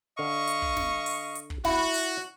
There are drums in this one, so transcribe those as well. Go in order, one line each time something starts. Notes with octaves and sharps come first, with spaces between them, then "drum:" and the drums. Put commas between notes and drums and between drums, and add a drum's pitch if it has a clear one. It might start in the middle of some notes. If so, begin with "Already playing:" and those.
D3 D#5 F5 C#6
drum: hi-hat
drum: kick
drum: snare
drum: open hi-hat
drum: hi-hat
drum: kick
E4 F#4, drum: snare
drum: open hi-hat